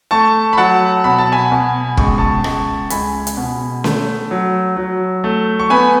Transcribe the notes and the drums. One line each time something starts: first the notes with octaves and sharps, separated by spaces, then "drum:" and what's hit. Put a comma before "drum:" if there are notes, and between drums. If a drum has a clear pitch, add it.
A3 A5 C#6
B5
F#3 F#5 A5
B2 B5
A5
G#5 B5
B2
C#2 C#6, drum: kick
A5 C#6
C#2, drum: rim click
C#2 G#5 B5, drum: hi-hat
drum: hi-hat
B2
A3, drum: snare C#4
F#3
F#3
A3
C#6
B3 G#5 B5